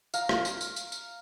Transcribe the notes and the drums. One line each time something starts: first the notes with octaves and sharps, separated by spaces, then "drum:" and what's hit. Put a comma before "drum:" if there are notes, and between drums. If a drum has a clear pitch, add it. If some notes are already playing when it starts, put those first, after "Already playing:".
F5 A#5, drum: tambourine
drum: rim click
drum: tambourine
drum: tambourine
drum: tambourine
drum: tambourine